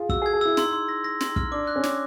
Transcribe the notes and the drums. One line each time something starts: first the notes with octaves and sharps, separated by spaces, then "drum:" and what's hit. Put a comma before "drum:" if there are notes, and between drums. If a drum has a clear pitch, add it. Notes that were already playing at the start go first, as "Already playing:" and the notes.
Already playing: F4 G#4
F#4 E6, drum: kick
G#4
G#6
G#4
E4 E6
D#4 C6, drum: snare
C6
A#6
A#6
C6, drum: snare
F6, drum: kick
D4 D6
F#6
C#4
D6, drum: snare